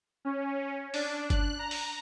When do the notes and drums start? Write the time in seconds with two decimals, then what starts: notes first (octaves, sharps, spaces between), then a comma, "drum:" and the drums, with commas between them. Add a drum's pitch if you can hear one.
0.25 C#4
0.94 D4, drum: open hi-hat
1.30 F#6, drum: kick F#1, hi-hat
1.59 A#5
1.71 drum: open hi-hat